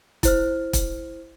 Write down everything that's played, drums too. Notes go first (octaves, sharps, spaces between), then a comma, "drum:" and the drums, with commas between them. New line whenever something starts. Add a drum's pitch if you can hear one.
E4 C5 F6, drum: kick, hi-hat
drum: kick, hi-hat